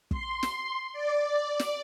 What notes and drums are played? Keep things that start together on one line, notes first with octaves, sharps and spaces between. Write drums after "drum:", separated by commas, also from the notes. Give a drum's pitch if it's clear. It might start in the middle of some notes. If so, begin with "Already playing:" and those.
C6, drum: kick
drum: snare
D5
drum: snare